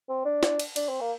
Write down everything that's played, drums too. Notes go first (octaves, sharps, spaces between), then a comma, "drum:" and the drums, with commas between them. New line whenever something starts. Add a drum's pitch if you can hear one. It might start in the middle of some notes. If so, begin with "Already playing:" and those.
C4
D4
drum: snare
drum: cymbal
D4, drum: cymbal
C4
A#3